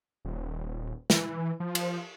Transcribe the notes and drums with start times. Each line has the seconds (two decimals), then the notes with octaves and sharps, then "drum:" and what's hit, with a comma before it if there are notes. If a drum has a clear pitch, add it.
0.25 D#1
1.10 E3, drum: snare
1.36 E3
1.60 F3
1.75 drum: cymbal